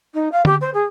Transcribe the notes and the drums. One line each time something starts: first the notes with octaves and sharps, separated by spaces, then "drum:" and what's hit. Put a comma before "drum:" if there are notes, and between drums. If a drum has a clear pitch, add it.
D#4
F5
G4, drum: tom D3
C5
G#4